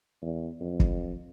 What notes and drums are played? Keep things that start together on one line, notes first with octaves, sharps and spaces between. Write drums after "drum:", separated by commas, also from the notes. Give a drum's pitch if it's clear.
E2
F2
drum: kick